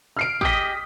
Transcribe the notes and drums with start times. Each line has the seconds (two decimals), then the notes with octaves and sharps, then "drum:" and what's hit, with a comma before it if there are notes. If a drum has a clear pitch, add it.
0.17 F6 C7 D7
0.41 G4 G#4 D#5 D#6 B6, drum: kick